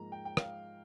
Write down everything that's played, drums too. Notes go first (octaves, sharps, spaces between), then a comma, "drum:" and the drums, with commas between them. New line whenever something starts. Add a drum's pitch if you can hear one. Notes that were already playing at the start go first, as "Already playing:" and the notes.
Already playing: G#2 F3 A#3 A#5
G5
G5
F5, drum: rim click